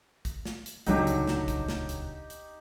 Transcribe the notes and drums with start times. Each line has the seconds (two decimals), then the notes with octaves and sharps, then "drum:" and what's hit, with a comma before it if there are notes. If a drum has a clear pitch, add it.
0.25 drum: kick, hi-hat
0.45 drum: snare
0.66 drum: hi-hat
0.86 D#1 C#2 D3 F#3 D#4 G4, drum: hi-hat
1.07 drum: hi-hat
1.28 drum: snare
1.48 drum: kick, hi-hat
1.69 drum: snare
1.89 drum: hi-hat
2.30 drum: hi-hat